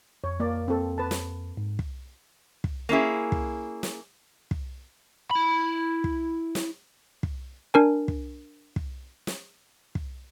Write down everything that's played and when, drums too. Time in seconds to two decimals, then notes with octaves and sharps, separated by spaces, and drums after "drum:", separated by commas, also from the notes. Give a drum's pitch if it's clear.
0.24 F2 C#5
0.40 A#3 D5
0.68 C4 A4
0.98 B4 A5
1.11 drum: snare
1.57 G#2
1.79 drum: kick
2.64 drum: kick
2.89 A#3 C#4 E4 G#4
3.32 drum: kick
3.83 drum: snare
4.51 drum: kick
5.31 E4 B5
6.04 drum: kick
6.55 drum: snare
7.23 drum: kick
7.74 D4 A#4 G#5
8.08 drum: kick
8.76 drum: kick
9.27 drum: snare
9.95 drum: kick